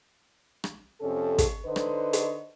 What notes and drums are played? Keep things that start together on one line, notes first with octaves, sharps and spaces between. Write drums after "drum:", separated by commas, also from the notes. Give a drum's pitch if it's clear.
drum: rim click
F2 C3 C#4 A4
drum: kick, hi-hat
D3 D#4 B4 C5 D#5
drum: rim click
drum: hi-hat